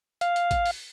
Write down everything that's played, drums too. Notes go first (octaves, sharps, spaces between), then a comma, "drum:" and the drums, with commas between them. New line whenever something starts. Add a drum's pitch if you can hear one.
F5, drum: hi-hat
drum: hi-hat
drum: kick A1, hi-hat
drum: open hi-hat